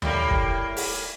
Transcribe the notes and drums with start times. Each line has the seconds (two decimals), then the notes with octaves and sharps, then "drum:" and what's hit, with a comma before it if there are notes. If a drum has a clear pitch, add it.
0.02 A2 G3 A#3, drum: tom D#2
0.31 drum: kick
0.77 drum: open hi-hat